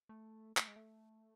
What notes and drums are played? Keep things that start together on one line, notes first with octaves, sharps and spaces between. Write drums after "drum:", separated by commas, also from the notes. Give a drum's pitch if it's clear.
A3
A3, drum: clap
G#3
A3